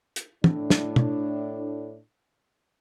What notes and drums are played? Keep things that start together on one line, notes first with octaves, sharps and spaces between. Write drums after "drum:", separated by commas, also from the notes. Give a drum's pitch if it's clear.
drum: hi-hat
A2 D4, drum: tom
drum: snare
drum: tom